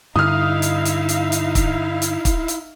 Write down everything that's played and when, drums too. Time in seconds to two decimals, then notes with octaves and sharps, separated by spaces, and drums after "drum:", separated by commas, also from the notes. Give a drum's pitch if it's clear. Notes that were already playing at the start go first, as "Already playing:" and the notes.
0.16 G2 D3 D#4 E4 E5 F5 D#6 F6
0.62 drum: hi-hat
0.85 drum: hi-hat
1.09 drum: hi-hat
1.32 drum: hi-hat
1.55 drum: kick, hi-hat
2.02 drum: hi-hat
2.25 drum: kick, hi-hat
2.48 drum: hi-hat